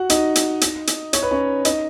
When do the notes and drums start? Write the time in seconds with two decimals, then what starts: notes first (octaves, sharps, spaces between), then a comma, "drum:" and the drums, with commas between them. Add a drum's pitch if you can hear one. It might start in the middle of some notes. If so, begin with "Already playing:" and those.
Already playing: F#4 F#5
0.10 D#4 D#5, drum: hi-hat
0.35 drum: hi-hat
0.61 drum: hi-hat
0.87 drum: hi-hat
1.13 C#5, drum: hi-hat
1.22 B4
1.31 C#4 C#5
1.65 D#4 D#5, drum: hi-hat